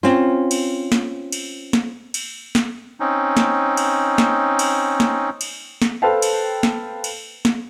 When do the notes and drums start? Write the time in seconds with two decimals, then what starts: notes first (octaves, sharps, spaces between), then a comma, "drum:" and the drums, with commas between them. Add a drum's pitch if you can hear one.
0.03 C4 C#4 F4
0.51 drum: cymbal
0.92 drum: snare
1.32 drum: cymbal
1.73 drum: snare
2.14 drum: cymbal
2.55 drum: snare
3.00 C4 C#4 D#4
3.37 drum: snare
3.77 drum: cymbal
4.18 drum: snare
4.59 drum: cymbal
5.00 drum: snare
5.41 drum: cymbal
5.82 drum: snare
6.02 A4 B4 C5 F5 G5 A5
6.22 drum: cymbal
6.63 drum: snare
7.04 drum: cymbal
7.45 drum: snare